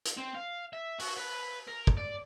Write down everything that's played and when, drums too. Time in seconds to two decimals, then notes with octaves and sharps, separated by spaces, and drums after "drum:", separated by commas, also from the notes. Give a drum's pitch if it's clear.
0.05 drum: hi-hat
0.17 C4
0.34 F5
0.73 E5
0.99 F#4, drum: open hi-hat
1.17 B4
1.68 A#4
1.87 drum: kick
1.97 D5